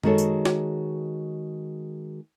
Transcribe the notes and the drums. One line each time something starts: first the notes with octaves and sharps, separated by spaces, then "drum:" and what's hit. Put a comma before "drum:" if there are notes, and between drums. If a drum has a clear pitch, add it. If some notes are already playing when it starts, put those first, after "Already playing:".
D#3 G#3 F#4 G#4 A4 C#5, drum: tom F#2
drum: tambourine
drum: snare